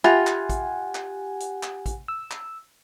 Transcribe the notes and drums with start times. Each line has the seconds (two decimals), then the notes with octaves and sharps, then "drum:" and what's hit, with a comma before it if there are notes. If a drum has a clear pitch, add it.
0.04 F4 G4 E5 F#5 G#5 B5
0.27 drum: clap
0.50 drum: kick, hi-hat
0.95 drum: clap
1.40 drum: hi-hat
1.63 drum: clap
1.86 drum: kick, hi-hat
2.08 E6
2.31 drum: clap